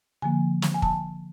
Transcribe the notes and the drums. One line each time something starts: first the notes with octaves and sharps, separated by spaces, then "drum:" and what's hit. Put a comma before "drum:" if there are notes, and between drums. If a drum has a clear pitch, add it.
D3 F3 A#3 G#5
drum: snare
G#5
A5, drum: kick